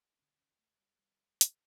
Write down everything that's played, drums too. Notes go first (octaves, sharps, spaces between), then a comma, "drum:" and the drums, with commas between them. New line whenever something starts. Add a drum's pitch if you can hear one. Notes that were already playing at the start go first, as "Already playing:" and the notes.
D4
D2 D3 C#4
C#4
A3
G3
G3
drum: hi-hat